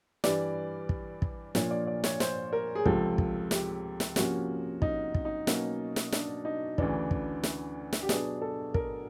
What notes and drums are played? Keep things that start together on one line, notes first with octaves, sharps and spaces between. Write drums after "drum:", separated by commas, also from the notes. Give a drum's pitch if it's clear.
G2 E3 G3 D5, drum: snare
drum: kick
drum: kick
A#2 F3 A#3 D4 C#5, drum: snare
D5
D5
C#5, drum: snare
C5, drum: snare
A#4
G#4
C#2 C3 F3 A4, drum: kick
drum: kick
G4, drum: snare
drum: snare
C3 F3 A#3 C#4 F#4, drum: snare
D#4, drum: kick
drum: kick
D#4
B2 F#3 A#3 C#4, drum: snare
drum: snare
D4, drum: snare
D#4
D2 C#3 E3 D4, drum: kick
drum: kick
drum: snare
drum: snare
G4
B2 F#3 B3 D4 G#4, drum: snare
A4
A#4, drum: kick